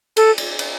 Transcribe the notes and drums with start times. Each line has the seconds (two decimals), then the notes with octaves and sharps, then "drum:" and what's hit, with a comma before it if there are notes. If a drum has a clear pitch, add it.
0.17 A4, drum: cymbal
0.38 drum: cymbal
0.59 drum: cymbal